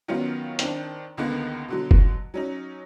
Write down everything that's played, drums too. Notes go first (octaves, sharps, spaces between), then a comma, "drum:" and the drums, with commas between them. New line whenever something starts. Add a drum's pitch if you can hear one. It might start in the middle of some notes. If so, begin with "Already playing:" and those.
D#3 F#3 B3 C#4 F4
D#3 C4 D4, drum: hi-hat
C#2 D3 D#3 A#3 B3
B2 D3 F#3
drum: kick
F#3 C#4 D#4